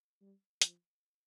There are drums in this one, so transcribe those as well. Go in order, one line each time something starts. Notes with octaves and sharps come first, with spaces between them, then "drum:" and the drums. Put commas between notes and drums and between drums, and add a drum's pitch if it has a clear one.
G3
F3, drum: hi-hat